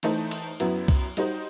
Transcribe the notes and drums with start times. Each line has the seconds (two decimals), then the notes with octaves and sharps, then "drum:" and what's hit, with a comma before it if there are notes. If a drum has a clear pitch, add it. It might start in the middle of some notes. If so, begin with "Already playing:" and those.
0.03 E3 A3 D#4 A4 C5, drum: cymbal
0.31 drum: cymbal
0.60 F#2 F#3 B3 E4, drum: cymbal
0.88 drum: kick C2, cymbal
1.17 G3 D#4 F#4 C5 D#5, drum: cymbal